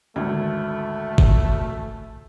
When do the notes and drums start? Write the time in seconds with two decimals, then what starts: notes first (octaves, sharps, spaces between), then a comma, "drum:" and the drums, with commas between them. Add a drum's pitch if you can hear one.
0.16 G#1 D2 A3
1.18 drum: kick